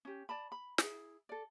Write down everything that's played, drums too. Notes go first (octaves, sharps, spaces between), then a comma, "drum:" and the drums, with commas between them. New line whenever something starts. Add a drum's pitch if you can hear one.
C#4 G4
D5 A5 B5
B5
E4 G#4, drum: snare
A4 D5